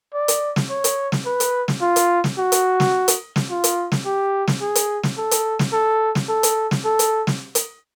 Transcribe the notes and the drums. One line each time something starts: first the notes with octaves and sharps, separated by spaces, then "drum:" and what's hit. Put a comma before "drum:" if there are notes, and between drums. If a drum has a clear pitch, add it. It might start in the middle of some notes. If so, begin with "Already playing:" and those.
D5
drum: hi-hat
drum: snare
C#5
drum: hi-hat
drum: snare
B4
drum: hi-hat
drum: snare
F4
drum: hi-hat
drum: snare
F#4
drum: hi-hat
drum: snare
drum: hi-hat
drum: snare
F4
drum: hi-hat
drum: snare
G4
drum: snare
G#4
drum: hi-hat
drum: snare
A4
drum: hi-hat
drum: snare
A4
drum: snare
A4
drum: hi-hat
drum: snare
A4
drum: hi-hat
drum: snare
drum: hi-hat